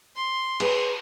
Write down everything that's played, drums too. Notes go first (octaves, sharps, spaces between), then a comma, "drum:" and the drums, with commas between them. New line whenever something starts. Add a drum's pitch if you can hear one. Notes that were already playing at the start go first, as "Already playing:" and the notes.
C6
G#4 B4, drum: cymbal